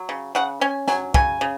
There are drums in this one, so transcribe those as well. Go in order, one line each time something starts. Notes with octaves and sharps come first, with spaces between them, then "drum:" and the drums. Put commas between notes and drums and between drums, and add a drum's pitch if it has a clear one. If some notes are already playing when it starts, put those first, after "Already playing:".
Already playing: F#3
C#3
C#3 F#5
C#4 G#5
F#3 G#5, drum: snare
C#3 G#5, drum: kick
C#3